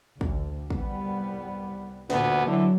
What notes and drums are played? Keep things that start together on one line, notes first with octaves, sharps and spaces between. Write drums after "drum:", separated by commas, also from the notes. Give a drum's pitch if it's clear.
D2, drum: kick
C2 G3 B3, drum: kick
D2 A#2 B3, drum: snare
D3 E3 F#3